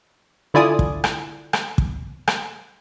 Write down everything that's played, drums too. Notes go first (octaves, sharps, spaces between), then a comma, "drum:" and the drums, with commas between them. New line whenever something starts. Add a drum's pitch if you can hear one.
D3 E4 F4 D5 G#5 D#6
drum: kick
drum: rim click
drum: rim click
drum: kick
drum: rim click